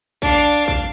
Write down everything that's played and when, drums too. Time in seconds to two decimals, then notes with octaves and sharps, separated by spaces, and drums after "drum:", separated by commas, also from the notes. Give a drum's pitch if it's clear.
0.22 D4 F5, drum: kick
0.68 drum: kick